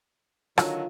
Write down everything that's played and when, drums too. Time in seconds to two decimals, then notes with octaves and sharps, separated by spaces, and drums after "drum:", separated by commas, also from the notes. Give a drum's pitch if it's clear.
0.58 D3 D#3 F#3 F4, drum: rim click